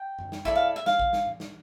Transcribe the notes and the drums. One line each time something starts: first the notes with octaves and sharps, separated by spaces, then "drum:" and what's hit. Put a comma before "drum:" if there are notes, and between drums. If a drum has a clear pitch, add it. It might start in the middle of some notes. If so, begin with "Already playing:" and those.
Already playing: G5
drum: tom F#2
drum: snare
E4 A4 D5 E5, drum: kick A#1
F5
E5
F5, drum: snare
drum: kick A#1
drum: snare
drum: tom A2
drum: snare